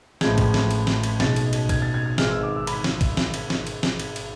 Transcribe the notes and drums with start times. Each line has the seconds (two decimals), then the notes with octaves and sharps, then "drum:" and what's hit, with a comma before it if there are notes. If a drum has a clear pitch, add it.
0.21 A1 A2 F3 G#3 G#6, drum: snare
0.38 drum: kick B1, cymbal
0.54 drum: snare
0.71 drum: cymbal
0.87 drum: snare
1.03 drum: cymbal
1.20 B1 B2 G#3 A6, drum: snare
1.36 drum: cymbal
1.53 drum: cymbal
1.69 G#6, drum: kick B1, cymbal
1.82 A6
1.94 G#6
2.06 G#6
2.18 G#1 G#2 E3 G#3 F6, drum: snare
2.31 E6
2.43 D6
2.56 E6
2.67 B5, drum: cymbal
2.84 drum: snare
3.01 drum: kick B1, cymbal
3.17 drum: snare
3.34 drum: cymbal
3.50 drum: snare
3.67 drum: cymbal
3.83 drum: snare
3.99 drum: cymbal
4.16 drum: cymbal